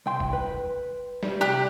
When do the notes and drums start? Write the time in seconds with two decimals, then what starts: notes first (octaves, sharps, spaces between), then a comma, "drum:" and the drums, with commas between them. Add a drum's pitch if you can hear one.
0.06 C2 G5 C6
0.20 drum: kick
0.33 B4
1.23 G3, drum: snare
1.41 C2 G3 G4 A#5 F#6